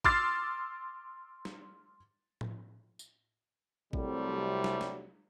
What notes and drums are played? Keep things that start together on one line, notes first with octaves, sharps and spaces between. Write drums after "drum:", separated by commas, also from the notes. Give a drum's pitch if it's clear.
C6 D6 E6 F6 A6 C7, drum: kick A1
drum: snare
drum: tom A2
drum: tambourine
C2 C3 F#3 G3 A3, drum: kick A1
drum: snare
drum: snare